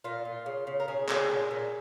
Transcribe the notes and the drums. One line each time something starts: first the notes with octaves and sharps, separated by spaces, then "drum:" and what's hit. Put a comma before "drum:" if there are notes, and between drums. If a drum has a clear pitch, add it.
A#2 F4
A#2
C#3
C#3
A#4
C#3 G#4
C#3, drum: clap
A#2
A#2